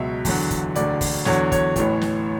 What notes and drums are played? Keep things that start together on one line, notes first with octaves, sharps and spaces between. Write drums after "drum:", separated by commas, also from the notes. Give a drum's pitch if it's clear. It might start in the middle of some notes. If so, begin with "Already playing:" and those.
Already playing: C#2 B2 F#3 E5
E2 D3 F#3, drum: kick, open hi-hat
drum: kick, hi-hat
E1 D2 D3 D5, drum: hi-hat
drum: kick, open hi-hat
E2 D3 F#3 C#5, drum: snare
C#5, drum: kick, hi-hat
A1 A2 E3, drum: kick, hi-hat
drum: snare